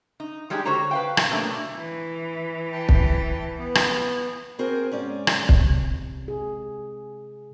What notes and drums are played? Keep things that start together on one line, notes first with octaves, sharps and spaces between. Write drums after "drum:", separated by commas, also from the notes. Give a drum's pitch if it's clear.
D#4
G3 G#3 D4 D#4 G4 G#4
D3 F#4 C5 C#5 A#5
B4 F5 G5
C#5, drum: rim click
B2 A3 A#3 D4
E3
G5 A5
drum: kick
B3
drum: rim click
C4 F#4 G#4 A#4 C5
G#2 C#4 D5
drum: rim click
drum: kick
C3
G#4